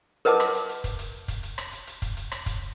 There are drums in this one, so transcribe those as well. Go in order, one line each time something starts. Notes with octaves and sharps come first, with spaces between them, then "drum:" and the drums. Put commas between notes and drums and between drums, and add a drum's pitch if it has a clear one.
A#4 B4 D#5 F#5 A5 D6, drum: hi-hat
drum: rim click
drum: hi-hat
drum: hi-hat
drum: kick, hi-hat
drum: hi-hat
drum: kick, hi-hat
drum: hi-hat
drum: rim click
drum: hi-hat
drum: hi-hat
drum: kick, hi-hat
drum: hi-hat
drum: rim click
drum: kick, hi-hat